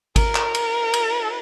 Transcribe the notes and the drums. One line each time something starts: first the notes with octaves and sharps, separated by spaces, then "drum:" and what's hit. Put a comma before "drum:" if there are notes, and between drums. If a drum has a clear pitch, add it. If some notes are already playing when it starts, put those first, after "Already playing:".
A#4, drum: kick G#1, cymbal
drum: clap
drum: cymbal
drum: cymbal